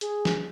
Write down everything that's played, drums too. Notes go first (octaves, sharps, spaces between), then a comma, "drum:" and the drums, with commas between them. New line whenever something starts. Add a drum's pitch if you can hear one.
G#4, drum: hi-hat
drum: snare